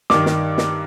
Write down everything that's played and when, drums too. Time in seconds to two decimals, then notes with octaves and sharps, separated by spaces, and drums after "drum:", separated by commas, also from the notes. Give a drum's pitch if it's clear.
0.10 G2 D#3 D6, drum: snare
0.26 drum: snare
0.58 drum: snare